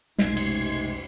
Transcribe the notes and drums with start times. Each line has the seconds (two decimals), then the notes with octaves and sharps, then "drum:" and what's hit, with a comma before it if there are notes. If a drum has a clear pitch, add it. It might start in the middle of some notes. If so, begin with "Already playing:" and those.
0.18 B1 F2 C3 G#3 A3 D#4 G#6 C7, drum: snare
0.37 drum: cymbal